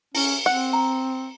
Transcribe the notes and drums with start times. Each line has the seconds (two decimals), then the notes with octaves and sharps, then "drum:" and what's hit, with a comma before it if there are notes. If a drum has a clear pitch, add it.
0.15 C#4 E4, drum: open hi-hat
0.46 C4 F#5
0.73 A#5